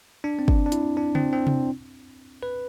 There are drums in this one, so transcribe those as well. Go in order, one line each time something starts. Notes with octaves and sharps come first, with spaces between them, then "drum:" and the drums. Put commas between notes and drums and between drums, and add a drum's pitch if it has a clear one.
D4
C4
D4, drum: kick
D4
E4, drum: hi-hat
D4
C4, drum: tom C#3
C4
drum: tom C3
B4